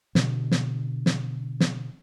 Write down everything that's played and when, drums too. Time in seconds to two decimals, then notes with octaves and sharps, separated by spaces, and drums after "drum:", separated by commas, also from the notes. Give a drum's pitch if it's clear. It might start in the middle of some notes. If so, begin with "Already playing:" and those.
0.15 B2 D3, drum: snare
0.51 drum: snare
1.06 drum: snare
1.60 drum: snare